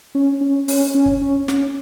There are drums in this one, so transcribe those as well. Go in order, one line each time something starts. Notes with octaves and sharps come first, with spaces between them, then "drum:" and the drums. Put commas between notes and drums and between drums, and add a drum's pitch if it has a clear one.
C#4
C#4
C#4, drum: open hi-hat
C#4
drum: kick
C#4
C#4, drum: snare